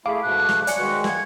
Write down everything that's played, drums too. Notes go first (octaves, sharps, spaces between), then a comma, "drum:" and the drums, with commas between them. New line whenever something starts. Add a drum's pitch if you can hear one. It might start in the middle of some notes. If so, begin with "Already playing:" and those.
A3 E4 G#4 F5 B5 D6
G#2 B2 A3 F#6
drum: snare
C#5 D5 G#5 C#7, drum: hi-hat
D#3 G#3 F#4 B4
G#6, drum: snare